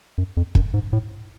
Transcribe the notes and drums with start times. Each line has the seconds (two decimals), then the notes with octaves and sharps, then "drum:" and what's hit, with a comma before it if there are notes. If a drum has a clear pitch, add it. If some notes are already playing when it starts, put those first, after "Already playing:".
0.18 F#2
0.37 F2
0.55 F#2, drum: kick
0.74 G#2
0.93 A2